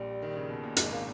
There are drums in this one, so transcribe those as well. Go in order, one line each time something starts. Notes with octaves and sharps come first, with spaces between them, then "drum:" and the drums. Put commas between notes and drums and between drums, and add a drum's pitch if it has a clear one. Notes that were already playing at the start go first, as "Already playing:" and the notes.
Already playing: A#1 A#2 G3
D#3
C#3
B2
A#2
G#1 G#2 G#3, drum: hi-hat
A#3